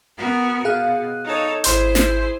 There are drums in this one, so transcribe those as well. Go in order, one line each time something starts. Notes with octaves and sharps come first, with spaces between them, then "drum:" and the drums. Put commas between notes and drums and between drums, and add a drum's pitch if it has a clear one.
B3 F#4 A#4
B2 G#4 F5 F#6
D#4 A4 C#5
G#1 E4 G#4 C5 C6 G6, drum: hi-hat
drum: snare